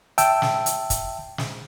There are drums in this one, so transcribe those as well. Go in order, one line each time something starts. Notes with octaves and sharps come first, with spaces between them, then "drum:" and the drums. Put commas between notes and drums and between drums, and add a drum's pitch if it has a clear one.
E5 G5 A5 E6, drum: hi-hat
drum: snare
drum: hi-hat
drum: kick, hi-hat
drum: snare